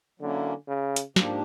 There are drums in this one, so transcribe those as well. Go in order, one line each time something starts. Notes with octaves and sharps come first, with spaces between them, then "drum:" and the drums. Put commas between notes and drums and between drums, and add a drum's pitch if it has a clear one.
D3 F#3 A#3 C#4 E4
C#3
drum: hi-hat
G#2 F3 A#3 D4 G4, drum: snare